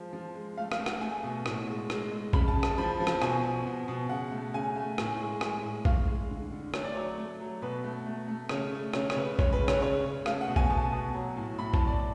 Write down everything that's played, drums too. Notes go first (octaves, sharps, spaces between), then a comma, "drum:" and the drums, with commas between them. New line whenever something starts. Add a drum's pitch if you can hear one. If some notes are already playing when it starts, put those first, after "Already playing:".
Already playing: F3 G#3
F3
G#3
A3 F5
F5, drum: rim click
A3
F#5, drum: rim click
A3 G#5
B2
A2, drum: rim click
G#3
G#3, drum: rim click
G#3
C#3 B5, drum: kick
A5
C#3
A5, drum: rim click
F3 B5
F3
A5, drum: rim click
B2 G#5, drum: rim click
B2
B2
B2
C#3 F#5
A3
C#3 G#5
A3
A2 G#5, drum: rim click
G#3
G#3 G#5, drum: rim click
A2
G#3 F5, drum: kick
G#3
D3
D3
A3 C#5, drum: rim click
D5
F#3 C#5
A3
F#3
B2 B4
A3
A3
A3
C#3 C#5, drum: rim click
A3
C#3 C#5, drum: rim click
C#5, drum: rim click
C#3 B4
G#3 C#5, drum: kick
B4
C#3
C#5, drum: rim click
C#3 C#5
C#3
A3 F5, drum: rim click
F#5
B2
G#5, drum: kick
B2 A5
B2
F#3
A2
A2 B5
A5, drum: kick
A2
D5